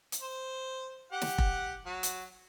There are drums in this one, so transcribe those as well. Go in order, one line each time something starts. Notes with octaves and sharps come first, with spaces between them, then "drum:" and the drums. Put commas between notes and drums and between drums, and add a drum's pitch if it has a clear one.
drum: hi-hat
C5
G4 F#5
drum: snare
drum: kick F1
F#3
drum: hi-hat